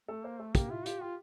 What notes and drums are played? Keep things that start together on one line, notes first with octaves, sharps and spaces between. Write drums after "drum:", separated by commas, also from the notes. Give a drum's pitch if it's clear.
A3 A4
A#3 C5
A3 A4
A#3 G4, drum: kick, hi-hat
E4 F4
F4 G4, drum: hi-hat
F4 G4